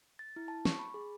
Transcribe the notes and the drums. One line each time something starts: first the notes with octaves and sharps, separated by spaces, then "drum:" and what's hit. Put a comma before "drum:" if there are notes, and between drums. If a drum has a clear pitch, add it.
A6
E4
A5
C#6, drum: snare
B5
G#4